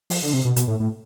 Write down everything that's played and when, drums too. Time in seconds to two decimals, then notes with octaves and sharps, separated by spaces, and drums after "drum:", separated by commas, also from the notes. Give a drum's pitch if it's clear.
0.10 F3, drum: open hi-hat
0.22 D3
0.33 C3
0.45 B2
0.56 B2, drum: hi-hat
0.68 A2
0.80 A2